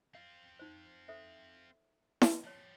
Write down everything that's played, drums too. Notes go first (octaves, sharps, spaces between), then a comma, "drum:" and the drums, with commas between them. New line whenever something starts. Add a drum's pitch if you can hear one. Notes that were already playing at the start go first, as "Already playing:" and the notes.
C4 F4 F5
D#4 C5
A4 C5 E5
drum: snare E4
F3 G3 C#5 A5